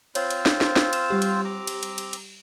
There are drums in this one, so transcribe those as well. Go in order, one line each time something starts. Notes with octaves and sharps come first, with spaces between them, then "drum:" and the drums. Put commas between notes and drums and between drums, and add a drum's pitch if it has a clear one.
C4 F4 C5 C#5, drum: cymbal
drum: cymbal
drum: snare
drum: snare
drum: snare
F6 E7, drum: cymbal
G3 G4
drum: cymbal
C4 A#5 D6
drum: cymbal
drum: cymbal
drum: cymbal
drum: cymbal